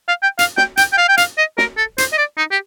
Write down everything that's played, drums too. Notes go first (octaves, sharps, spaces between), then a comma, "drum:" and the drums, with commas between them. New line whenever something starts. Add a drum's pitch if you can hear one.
F5
G5
F5, drum: hi-hat
G5, drum: snare
G5, drum: hi-hat
G5
F5
G5
F5, drum: hi-hat
D#5
A#4, drum: snare
A4
C5, drum: hi-hat
D#5
D5
D#4
G4